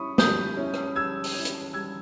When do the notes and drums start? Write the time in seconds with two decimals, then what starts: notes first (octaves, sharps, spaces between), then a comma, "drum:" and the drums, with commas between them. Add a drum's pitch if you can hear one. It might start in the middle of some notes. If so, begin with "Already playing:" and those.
Already playing: G3 C#4 E4 B5 C#6 D#6
0.18 G3 D#6 G6, drum: snare
0.57 C#4 E4
0.74 drum: rim click
0.96 G3 E6 G#6
1.24 drum: open hi-hat
1.34 C#4 E4
1.45 drum: hi-hat
1.73 G3 E6 G#6